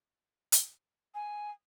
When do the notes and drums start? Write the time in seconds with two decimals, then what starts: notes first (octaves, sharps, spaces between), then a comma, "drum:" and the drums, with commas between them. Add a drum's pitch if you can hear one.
0.52 drum: hi-hat
1.14 G#5